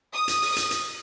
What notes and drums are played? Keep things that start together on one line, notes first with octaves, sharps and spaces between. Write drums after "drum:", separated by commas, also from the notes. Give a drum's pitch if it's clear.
D#6
drum: hi-hat
drum: open hi-hat
drum: hi-hat
drum: hi-hat